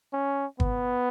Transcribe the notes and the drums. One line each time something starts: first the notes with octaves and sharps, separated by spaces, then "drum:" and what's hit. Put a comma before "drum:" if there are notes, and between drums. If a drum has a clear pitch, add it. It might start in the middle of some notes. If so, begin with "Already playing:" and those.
C#4
B3, drum: kick